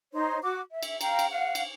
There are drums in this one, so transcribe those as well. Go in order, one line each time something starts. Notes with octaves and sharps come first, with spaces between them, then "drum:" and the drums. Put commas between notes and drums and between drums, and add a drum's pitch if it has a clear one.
D#4 C5 C#5 C6
F#4 D6
E5
drum: cymbal
F5 G5 A#5, drum: cymbal
drum: cymbal
F5 F#5
drum: cymbal